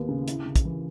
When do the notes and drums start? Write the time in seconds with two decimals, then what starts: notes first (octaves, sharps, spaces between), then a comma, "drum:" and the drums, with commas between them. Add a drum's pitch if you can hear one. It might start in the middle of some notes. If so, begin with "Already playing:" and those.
Already playing: D#2 B3
0.09 C#3
0.28 E4, drum: hi-hat
0.46 C#3
0.56 drum: kick, hi-hat
0.65 E3